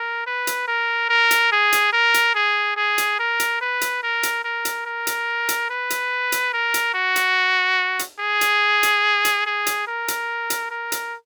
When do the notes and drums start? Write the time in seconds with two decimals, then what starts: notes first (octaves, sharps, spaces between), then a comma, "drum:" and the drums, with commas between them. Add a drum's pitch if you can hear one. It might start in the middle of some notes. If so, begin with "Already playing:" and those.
Already playing: A#4
0.26 B4
0.47 drum: hi-hat
0.67 A#4
1.09 A#4
1.31 drum: hi-hat
1.52 G#4
1.72 drum: hi-hat
1.93 A#4
2.14 drum: hi-hat
2.35 G#4
2.76 G#4
2.98 drum: hi-hat
3.19 A#4
3.40 drum: hi-hat
3.61 B4
3.81 drum: hi-hat
4.03 A#4
4.23 drum: hi-hat
4.44 A#4
4.65 drum: hi-hat
4.86 A#4
5.07 drum: hi-hat
5.49 drum: hi-hat
5.70 B4
5.90 drum: hi-hat
6.32 drum: hi-hat
6.53 A#4
6.74 drum: hi-hat
6.94 F#4
7.16 drum: hi-hat
7.99 drum: hi-hat
8.20 G#4
8.41 drum: hi-hat
8.83 drum: hi-hat
9.25 drum: hi-hat
9.46 G#4
9.66 drum: hi-hat
9.87 A#4
10.08 drum: hi-hat
10.50 drum: hi-hat
10.71 A#4
10.92 drum: hi-hat